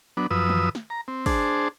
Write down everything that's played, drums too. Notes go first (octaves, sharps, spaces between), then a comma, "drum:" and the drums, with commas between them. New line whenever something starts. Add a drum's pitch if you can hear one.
F#3 B3 D4
F#2 F3 B4 D#6 E6
drum: tom D#3
drum: snare
A#5
C4
D4 G#4 C5 A5, drum: kick, open hi-hat